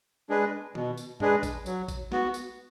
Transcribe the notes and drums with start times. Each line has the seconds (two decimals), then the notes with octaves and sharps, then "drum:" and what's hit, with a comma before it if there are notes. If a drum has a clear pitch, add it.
0.29 G#3 D4 G#4 B4
0.75 B2, drum: tom D#3
0.97 drum: tambourine
1.20 G#3 D4 G#4 B4, drum: tom
1.43 drum: kick A1, tambourine
1.66 F#3, drum: tambourine
1.88 drum: kick A1, tambourine
2.12 B3 F#4, drum: snare
2.34 drum: tambourine